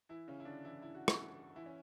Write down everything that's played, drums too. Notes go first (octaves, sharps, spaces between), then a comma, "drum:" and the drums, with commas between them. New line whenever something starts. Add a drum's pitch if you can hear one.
E3 E4
C#3 C#4
E4
D3 D4
E3 E4
E4
F#4
E3 E4, drum: rim click
E3 E4
C#4